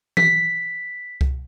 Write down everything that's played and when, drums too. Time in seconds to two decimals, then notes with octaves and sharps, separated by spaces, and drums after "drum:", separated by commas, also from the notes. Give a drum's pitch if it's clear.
0.17 B6, drum: tom E3
1.21 drum: kick C2